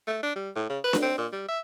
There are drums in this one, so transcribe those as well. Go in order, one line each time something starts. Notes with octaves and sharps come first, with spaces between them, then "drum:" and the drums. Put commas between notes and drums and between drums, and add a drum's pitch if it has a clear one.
A3
D4
G3
A2
C#3
B4
drum: snare D4
C4
A#2
G3
E5